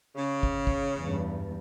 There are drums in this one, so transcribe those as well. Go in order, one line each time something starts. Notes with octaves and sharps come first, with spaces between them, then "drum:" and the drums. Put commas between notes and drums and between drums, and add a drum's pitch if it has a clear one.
C#3
drum: kick
drum: kick
E2 G2